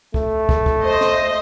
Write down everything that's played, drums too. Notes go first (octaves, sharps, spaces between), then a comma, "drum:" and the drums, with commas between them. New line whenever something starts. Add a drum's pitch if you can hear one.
A3, drum: kick
drum: kick
drum: kick
C5 D#5
drum: snare